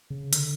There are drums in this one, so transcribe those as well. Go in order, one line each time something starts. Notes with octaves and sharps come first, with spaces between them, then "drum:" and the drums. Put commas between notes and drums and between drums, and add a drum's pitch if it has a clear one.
C#3
D3, drum: hi-hat